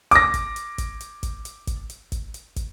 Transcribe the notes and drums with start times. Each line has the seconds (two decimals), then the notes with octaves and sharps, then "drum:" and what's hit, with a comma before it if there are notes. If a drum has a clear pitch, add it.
0.11 D6 A#6, drum: hi-hat
0.34 drum: kick, hi-hat
0.56 drum: hi-hat
0.78 drum: kick, hi-hat
1.00 drum: hi-hat
1.23 drum: kick, hi-hat
1.45 drum: hi-hat
1.67 drum: kick, hi-hat
1.90 drum: hi-hat
2.12 drum: kick, hi-hat
2.34 drum: hi-hat
2.56 drum: kick, hi-hat